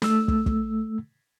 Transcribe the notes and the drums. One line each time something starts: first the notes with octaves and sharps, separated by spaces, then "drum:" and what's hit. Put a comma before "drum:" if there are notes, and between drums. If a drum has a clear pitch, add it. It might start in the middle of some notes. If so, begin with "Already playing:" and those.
A3 E6, drum: snare
drum: kick
drum: kick